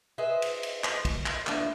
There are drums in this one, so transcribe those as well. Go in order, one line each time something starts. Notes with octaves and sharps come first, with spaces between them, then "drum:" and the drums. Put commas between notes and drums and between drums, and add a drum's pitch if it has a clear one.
G#4 B4 C5 D#5 E5
drum: cymbal
drum: cymbal
drum: clap
drum: kick, cymbal
drum: clap
E3 A3 A#3 D4 E4 F4, drum: clap